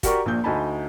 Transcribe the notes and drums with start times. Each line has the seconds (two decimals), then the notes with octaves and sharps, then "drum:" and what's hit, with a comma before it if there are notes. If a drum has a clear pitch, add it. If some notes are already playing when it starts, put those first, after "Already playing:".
0.03 F#4 G4 A#4 D5 A#5 C#6, drum: kick, hi-hat
0.26 A#1 A#2 G6
0.44 D2 D#4 G#5 A5 B5